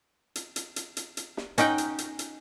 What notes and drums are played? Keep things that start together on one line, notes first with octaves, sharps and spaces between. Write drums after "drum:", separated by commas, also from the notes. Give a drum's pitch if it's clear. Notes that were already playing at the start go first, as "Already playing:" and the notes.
drum: hi-hat
drum: hi-hat
drum: hi-hat
drum: hi-hat
drum: hi-hat
drum: snare
C#4 D#4 F#5 G5, drum: hi-hat
drum: hi-hat
drum: hi-hat
drum: hi-hat